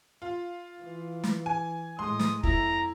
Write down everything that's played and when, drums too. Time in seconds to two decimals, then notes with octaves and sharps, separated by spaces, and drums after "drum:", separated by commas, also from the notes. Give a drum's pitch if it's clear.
0.22 F4
0.80 E3
1.24 drum: snare
1.46 G#5
1.99 A2 G#3 C6 D#6
2.19 drum: snare
2.43 F2 E4 A#5, drum: kick